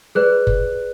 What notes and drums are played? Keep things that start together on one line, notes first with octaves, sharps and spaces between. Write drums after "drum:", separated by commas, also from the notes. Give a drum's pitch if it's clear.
G#4 B4 D5 F#6
drum: kick F#1